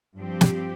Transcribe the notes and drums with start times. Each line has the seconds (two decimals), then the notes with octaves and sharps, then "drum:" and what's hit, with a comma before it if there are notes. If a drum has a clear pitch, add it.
0.19 G2 F3 C4 G4
0.41 drum: snare